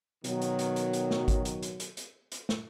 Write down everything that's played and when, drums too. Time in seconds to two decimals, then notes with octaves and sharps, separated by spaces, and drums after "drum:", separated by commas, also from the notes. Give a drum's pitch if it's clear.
0.24 B2 D#3 F#3, drum: hi-hat
0.41 drum: hi-hat
0.59 drum: hi-hat
0.76 drum: hi-hat
0.93 drum: hi-hat
1.11 drum: snare
1.28 drum: kick G#1, hi-hat
1.45 drum: hi-hat
1.62 drum: hi-hat
1.80 drum: hi-hat
1.97 drum: hi-hat
2.32 drum: hi-hat
2.49 drum: snare